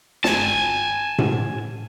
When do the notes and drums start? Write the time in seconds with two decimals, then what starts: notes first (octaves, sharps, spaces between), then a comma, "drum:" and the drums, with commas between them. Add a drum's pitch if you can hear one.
0.24 G#5 A5, drum: snare
1.18 drum: tom A2